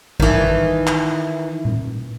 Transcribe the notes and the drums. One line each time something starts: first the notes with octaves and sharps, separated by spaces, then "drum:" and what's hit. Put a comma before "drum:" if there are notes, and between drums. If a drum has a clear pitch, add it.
D#3 E3, drum: kick A1
drum: clap
drum: tom A#2